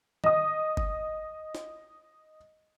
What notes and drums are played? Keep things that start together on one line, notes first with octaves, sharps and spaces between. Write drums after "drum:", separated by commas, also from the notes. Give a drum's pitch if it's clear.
D#5 D#6, drum: tom D#3
drum: kick G1
drum: snare